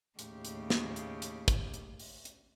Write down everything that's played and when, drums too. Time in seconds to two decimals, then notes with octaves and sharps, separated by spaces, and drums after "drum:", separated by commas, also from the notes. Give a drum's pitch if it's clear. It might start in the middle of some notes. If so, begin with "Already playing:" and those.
0.19 D#2 A2 C#3 G4, drum: hi-hat
0.45 drum: hi-hat
0.70 drum: snare
0.96 drum: hi-hat
1.22 drum: hi-hat
1.48 drum: kick, hi-hat
1.74 drum: hi-hat
1.99 drum: open hi-hat
2.25 drum: hi-hat